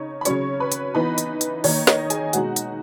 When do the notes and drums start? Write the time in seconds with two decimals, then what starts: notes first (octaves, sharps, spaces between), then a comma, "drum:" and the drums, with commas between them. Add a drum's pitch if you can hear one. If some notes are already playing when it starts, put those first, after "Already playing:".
Already playing: C#3 D#4 C#5 C#6
0.21 B5
0.25 C#3 F#3 C#4 C#5 C#6, drum: hi-hat
0.60 B4 B5
0.72 drum: hi-hat
0.95 E3 B3 D#4 B4 B5
1.18 drum: hi-hat
1.41 drum: hi-hat
1.64 D#3 A#3 D#4 C#5, drum: open hi-hat
1.87 D#5, drum: snare
2.10 G#4 G#5, drum: hi-hat
2.33 B2 G#3 D#4 F#4 F#5, drum: hi-hat
2.56 drum: hi-hat